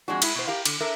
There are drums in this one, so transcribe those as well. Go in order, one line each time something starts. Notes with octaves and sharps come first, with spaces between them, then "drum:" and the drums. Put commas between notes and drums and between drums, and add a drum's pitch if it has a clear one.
F2 G#3 D4 F#4
G#3 E4, drum: cymbal
B2 C5
G4 A#4 F5
D3, drum: cymbal
D4 A4 A#4 E5